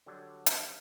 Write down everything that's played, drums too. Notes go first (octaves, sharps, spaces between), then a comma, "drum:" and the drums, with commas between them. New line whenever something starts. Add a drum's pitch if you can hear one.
D3 F#3 G3 D4
drum: hi-hat